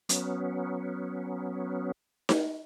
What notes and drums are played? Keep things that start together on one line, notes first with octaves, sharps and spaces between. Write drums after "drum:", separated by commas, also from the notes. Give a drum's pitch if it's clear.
F#3 B3 C#4, drum: hi-hat
drum: snare D#4